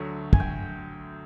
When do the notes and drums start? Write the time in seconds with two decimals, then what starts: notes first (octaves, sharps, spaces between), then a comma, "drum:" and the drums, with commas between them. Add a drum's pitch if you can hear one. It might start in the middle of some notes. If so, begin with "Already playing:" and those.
Already playing: D2 D3 F#3 A3
0.33 G#5, drum: kick
0.40 G5